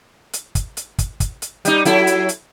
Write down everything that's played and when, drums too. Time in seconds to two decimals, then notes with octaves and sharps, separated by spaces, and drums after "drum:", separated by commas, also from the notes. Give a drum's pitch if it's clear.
0.33 drum: hi-hat
0.55 drum: kick, hi-hat
0.77 drum: hi-hat
0.98 drum: kick, hi-hat
1.20 drum: kick, hi-hat
1.42 drum: hi-hat
1.65 G3 D#4, drum: hi-hat
1.85 F#3 E4 A4, drum: hi-hat
2.07 drum: hi-hat
2.29 drum: hi-hat